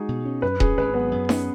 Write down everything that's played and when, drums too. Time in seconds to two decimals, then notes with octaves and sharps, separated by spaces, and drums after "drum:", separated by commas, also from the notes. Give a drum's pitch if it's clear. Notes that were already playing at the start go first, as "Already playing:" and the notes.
Already playing: G#3 D#4 F#4 G#4
0.09 B2
0.25 C#4
0.42 F#2 B4
0.60 C#4 G#4, drum: kick D#1
0.77 G#1 B4
0.94 F#3 B3
1.12 F#2
1.29 C#4, drum: snare D#4